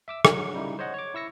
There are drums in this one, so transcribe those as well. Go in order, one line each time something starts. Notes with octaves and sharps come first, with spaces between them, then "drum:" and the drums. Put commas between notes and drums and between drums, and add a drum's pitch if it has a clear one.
E5 D6 E6
D3 F#3, drum: rim click
C#3 G3 D#4 E4
C5 C#5 D#5 F#5
C#5 D6
E4 C#6 E6 A#6 C#7